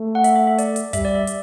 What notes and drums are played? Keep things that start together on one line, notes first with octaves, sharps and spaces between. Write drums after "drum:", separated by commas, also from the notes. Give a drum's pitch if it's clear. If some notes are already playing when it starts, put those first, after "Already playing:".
Already playing: A3
F#5
E5, drum: hi-hat
E5
E5
D5, drum: hi-hat
drum: hi-hat
G3 E5, drum: kick, hi-hat
D5
E5
drum: hi-hat